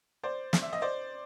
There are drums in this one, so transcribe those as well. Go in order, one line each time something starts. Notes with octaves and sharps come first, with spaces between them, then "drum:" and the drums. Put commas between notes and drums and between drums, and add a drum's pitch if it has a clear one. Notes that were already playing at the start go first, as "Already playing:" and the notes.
C5 D5
drum: snare
E5
D#5
C5 D5